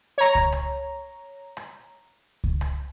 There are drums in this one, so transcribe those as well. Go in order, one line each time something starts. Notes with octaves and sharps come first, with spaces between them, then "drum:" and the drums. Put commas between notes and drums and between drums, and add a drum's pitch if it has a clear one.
C#5 A#5
drum: kick C#2
drum: rim click
drum: rim click
drum: kick C#2
drum: rim click